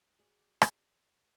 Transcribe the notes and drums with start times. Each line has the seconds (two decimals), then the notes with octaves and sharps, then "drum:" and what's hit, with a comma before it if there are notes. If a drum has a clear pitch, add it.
0.18 F#4 G#4 D5
0.62 drum: rim click